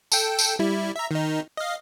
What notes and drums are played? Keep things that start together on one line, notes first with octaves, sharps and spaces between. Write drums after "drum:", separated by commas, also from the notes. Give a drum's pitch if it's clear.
A4 G5, drum: tambourine
drum: tambourine
G3 E4
E5 A#5
D#3 D#4
D#5 F5